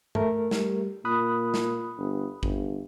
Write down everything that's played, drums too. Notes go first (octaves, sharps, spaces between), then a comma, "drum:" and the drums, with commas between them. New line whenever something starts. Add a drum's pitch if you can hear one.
A3 A#4, drum: tom G2
G3, drum: snare
A#2 B5 D#6 F#6
drum: snare
G1
G1, drum: kick G#1